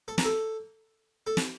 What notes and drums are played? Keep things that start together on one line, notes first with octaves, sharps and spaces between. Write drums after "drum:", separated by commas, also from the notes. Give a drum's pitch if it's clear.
A4
A#4, drum: snare
A4
A4
drum: snare